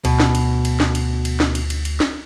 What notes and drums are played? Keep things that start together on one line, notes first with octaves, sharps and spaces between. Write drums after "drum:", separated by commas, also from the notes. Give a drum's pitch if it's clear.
D2 B2, drum: cymbal
drum: snare
drum: cymbal
drum: cymbal
drum: snare
drum: cymbal
drum: cymbal
drum: snare
drum: cymbal
drum: cymbal
drum: cymbal
drum: snare